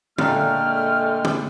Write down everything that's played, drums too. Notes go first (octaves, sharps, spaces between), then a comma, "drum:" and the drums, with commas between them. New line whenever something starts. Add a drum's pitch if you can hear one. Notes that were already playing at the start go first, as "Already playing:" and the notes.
A#2 D3 G#3 A3 A#4 G5 F6, drum: tom
drum: tom